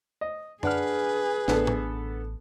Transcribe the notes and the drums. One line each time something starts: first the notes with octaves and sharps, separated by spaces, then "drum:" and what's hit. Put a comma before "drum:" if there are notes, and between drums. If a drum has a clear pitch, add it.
D#5
D4 G#4 B4 F#5 F6, drum: tom F#2
A1 D3 B3 A4, drum: snare
drum: tom A2